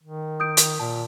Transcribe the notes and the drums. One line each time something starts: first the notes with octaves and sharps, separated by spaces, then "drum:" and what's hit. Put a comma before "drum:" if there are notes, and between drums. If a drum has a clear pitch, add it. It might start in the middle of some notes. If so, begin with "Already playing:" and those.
D#3
D#6 G6 D7
drum: hi-hat
A#2 A5